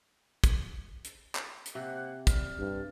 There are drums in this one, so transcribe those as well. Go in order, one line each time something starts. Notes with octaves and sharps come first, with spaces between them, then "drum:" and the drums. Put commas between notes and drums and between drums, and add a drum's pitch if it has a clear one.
drum: kick, hi-hat
drum: hi-hat
drum: clap
drum: hi-hat
C3 A#3 C5 F#5
D5 F6, drum: kick, hi-hat
G2